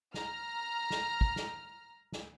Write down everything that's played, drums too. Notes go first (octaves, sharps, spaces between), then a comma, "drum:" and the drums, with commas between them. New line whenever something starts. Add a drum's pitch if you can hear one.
A#5 F6, drum: snare
drum: snare
drum: kick
drum: snare
drum: snare